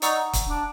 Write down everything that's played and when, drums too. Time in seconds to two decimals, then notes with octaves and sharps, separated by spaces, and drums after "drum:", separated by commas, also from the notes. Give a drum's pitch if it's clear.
0.02 D#4 D5 F#5 A#5 C#6 E6, drum: hi-hat
0.33 drum: kick, hi-hat
0.49 D4